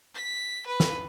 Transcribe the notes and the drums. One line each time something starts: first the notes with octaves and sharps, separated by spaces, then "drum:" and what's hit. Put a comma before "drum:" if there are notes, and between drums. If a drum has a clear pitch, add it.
B6
B4
drum: snare